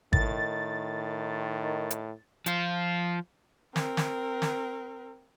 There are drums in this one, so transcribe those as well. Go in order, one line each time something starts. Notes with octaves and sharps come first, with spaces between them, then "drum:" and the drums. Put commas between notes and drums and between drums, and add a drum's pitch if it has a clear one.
A2 D#3 A6, drum: kick G#1
drum: hi-hat
F3 F4, drum: hi-hat
C4 A#4, drum: snare
drum: snare
drum: snare